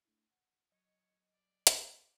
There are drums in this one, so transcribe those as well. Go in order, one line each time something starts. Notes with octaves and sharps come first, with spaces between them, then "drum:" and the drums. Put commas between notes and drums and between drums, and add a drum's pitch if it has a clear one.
A3 D4 E4
F#5
F#3 C#5 D#5
D5
drum: hi-hat
D5